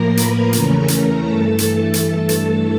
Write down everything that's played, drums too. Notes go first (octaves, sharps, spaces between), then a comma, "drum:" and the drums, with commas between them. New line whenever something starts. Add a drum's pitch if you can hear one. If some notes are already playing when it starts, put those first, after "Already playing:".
Already playing: A2 F3 A#3 A#4 A#5
B4 B5, drum: hi-hat
E2 C#3 E3 A3 C#4 A#4 A#5, drum: hi-hat
drum: hi-hat
G2 E3 A3 A4 A5
drum: hi-hat
drum: hi-hat
drum: hi-hat